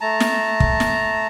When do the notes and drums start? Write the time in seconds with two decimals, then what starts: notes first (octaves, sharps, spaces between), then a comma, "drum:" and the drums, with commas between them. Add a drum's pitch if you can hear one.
0.01 A3 A5 A#5
0.20 drum: snare
0.60 drum: kick
0.80 drum: snare